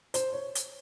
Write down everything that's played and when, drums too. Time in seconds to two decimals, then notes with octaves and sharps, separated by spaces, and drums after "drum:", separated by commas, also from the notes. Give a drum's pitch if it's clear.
0.14 C5, drum: hi-hat
0.33 C#5
0.55 drum: hi-hat